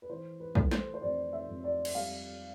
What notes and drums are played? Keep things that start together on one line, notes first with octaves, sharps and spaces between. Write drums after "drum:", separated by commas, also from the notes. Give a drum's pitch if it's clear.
B4
E3 C5
B4
A3, drum: kick
C5, drum: snare
C5
F2 D5
E5
F2
D5
drum: cymbal
G3 F5